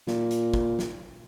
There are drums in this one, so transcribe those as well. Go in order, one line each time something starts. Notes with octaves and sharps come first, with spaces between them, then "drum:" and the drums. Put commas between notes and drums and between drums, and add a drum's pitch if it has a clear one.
A#2, drum: snare
drum: hi-hat
drum: kick
drum: snare